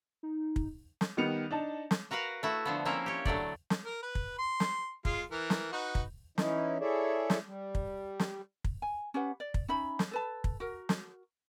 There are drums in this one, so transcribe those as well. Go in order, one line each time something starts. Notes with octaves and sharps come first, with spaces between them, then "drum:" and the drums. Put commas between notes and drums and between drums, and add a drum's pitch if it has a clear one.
D#4
drum: kick
drum: snare
D#3 G3 B3 C#7 F7
D4 D#4 A5
drum: snare
F#4 A#4 B4 F5 F#5
A3 E4 F#4
D3 F3 B3
F3 A#3 C4 C#4 E4 A#4
G4 C#5
D3 F#3 A3 D5, drum: kick
drum: snare
A#4
B4
drum: kick
C6
drum: snare
G#3 F4, drum: kick
E3 A#4
drum: snare
D#4 F#4 B4
drum: kick
E3 C#4 D#4 E4, drum: snare
E4 G#4 A4 C#5 D5 E5
drum: snare
G3
drum: kick
drum: snare
drum: kick
G#5
C#4 G4 B4 F#5
D5
drum: kick
C#4 D#4 E5 B5
drum: snare
A4 B4 A5
drum: kick
F#4 A#4
drum: snare